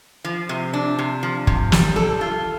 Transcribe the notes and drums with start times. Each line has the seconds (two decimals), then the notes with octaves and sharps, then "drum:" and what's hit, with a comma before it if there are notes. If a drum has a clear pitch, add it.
0.24 F3
0.49 C3
0.73 D4
0.99 C3
1.23 F3
1.47 C3, drum: kick
1.72 G3, drum: snare
1.96 A4
2.21 F4